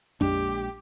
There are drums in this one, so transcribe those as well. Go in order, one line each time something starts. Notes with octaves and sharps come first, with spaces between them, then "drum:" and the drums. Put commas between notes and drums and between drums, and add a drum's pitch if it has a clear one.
A#1 G#3 D4 G4, drum: tom F2